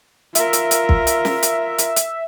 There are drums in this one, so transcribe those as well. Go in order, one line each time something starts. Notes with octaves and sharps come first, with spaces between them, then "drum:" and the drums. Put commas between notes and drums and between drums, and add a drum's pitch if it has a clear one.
F4 A#4 E5, drum: hi-hat
drum: hi-hat
drum: hi-hat
drum: kick
drum: hi-hat
drum: snare
drum: hi-hat
drum: hi-hat
drum: hi-hat